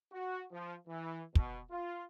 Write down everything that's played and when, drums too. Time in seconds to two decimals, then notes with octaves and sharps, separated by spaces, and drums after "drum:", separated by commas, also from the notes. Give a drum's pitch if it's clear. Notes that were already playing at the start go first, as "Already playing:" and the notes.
0.13 F#4
0.51 F3
0.88 E3
1.35 B2, drum: kick
1.71 F4